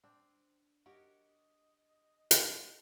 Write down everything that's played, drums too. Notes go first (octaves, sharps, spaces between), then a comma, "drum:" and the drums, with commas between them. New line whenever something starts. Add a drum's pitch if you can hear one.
C4 D4
F#4 G4 A#4 C#5 D#5
drum: hi-hat